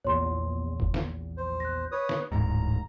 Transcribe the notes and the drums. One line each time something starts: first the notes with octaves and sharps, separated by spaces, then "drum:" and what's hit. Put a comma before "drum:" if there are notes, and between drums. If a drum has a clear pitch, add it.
A#1 E2 C#5 C6
drum: kick F1
drum: snare
C5
F#6 A#6
B4 C#5 D#6
drum: snare
D1 A1 G#2 A#5